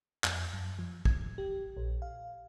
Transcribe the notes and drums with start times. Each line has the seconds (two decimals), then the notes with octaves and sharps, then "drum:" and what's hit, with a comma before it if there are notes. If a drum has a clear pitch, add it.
0.24 F2, drum: clap
0.53 F#2
0.79 F3
1.05 G#6, drum: kick
1.38 G4
1.77 A#1
2.02 F5